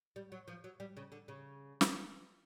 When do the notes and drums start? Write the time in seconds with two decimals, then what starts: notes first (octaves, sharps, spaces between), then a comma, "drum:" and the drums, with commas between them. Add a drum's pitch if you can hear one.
0.16 G3
0.32 F#3
0.48 F3
0.64 F#3
0.80 G3
0.97 C#3
1.12 D3
1.28 C#3
1.81 drum: snare